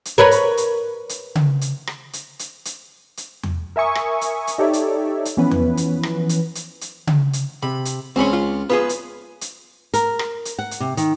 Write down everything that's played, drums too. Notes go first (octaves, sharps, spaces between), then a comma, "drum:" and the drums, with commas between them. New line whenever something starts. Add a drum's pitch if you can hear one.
drum: hi-hat
A#4 B4 C#5
drum: hi-hat
drum: hi-hat
drum: hi-hat
drum: tom C#3
drum: hi-hat
drum: rim click
drum: hi-hat
drum: hi-hat
drum: hi-hat
drum: hi-hat
drum: tom E2
A#4 E5 G#5 C#6 D#6
drum: rim click
drum: hi-hat
drum: hi-hat
D#4 G4 A4 C#5 D5 E5
drum: hi-hat
drum: hi-hat
E3 F3 B3 C#4 B4
drum: tom E2
drum: hi-hat
drum: rim click
drum: hi-hat
drum: hi-hat
drum: hi-hat
drum: tom C#3
drum: hi-hat
C3 B5
drum: hi-hat
C#2 C4 C#4 C#5 B5
F4
B3 F4 G#4 B4
drum: hi-hat
drum: hi-hat
A#4, drum: hi-hat
drum: rim click
drum: hi-hat
F#5
drum: hi-hat
C3
D#3, drum: hi-hat